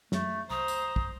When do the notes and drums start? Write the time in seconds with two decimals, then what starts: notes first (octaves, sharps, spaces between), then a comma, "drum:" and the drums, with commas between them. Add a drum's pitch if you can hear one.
0.12 F#2 F#3 G#3 A3, drum: snare
0.50 C2 C5 A#5 D#6
0.68 drum: tambourine
0.96 drum: kick